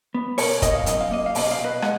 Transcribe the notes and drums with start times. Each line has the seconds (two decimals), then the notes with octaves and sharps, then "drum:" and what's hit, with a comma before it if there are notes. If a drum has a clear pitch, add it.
0.14 B3
0.38 B2 A#4 C#5, drum: open hi-hat
0.62 B2 D#5, drum: kick, hi-hat
0.75 F5
0.86 F#2 D#5, drum: hi-hat
1.01 F5
1.11 A#3 D#5
1.26 F5
1.35 B2 D#5, drum: open hi-hat
1.51 F5
1.59 B2
1.64 B4 D#5
1.82 G#3 D#5 F#5, drum: rim click